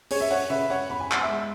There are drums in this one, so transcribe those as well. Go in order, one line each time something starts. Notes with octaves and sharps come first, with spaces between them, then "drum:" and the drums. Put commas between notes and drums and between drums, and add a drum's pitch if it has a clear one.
C#4 G#4 C#5, drum: open hi-hat
E5
C#5 F#5
C#3 B4 E5
C#5 F#5
E2 B5
G#5
F#5, drum: clap
E5 G#5
G#3